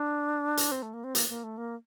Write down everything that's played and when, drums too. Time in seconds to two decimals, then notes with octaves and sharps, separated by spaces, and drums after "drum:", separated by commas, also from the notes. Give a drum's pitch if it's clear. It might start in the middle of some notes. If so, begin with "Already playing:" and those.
Already playing: D4
0.57 drum: hi-hat
0.72 C4
0.82 A3
0.94 A#3
1.04 C4
1.15 A#3, drum: hi-hat
1.29 A#3
1.44 A3
1.58 A#3